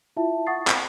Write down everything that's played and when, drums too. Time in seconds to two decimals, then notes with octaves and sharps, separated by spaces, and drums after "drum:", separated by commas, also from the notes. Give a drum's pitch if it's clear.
0.17 E4 F4 E5 A5
0.47 F#5 C#6 D#6 A6 C7
0.67 G5, drum: clap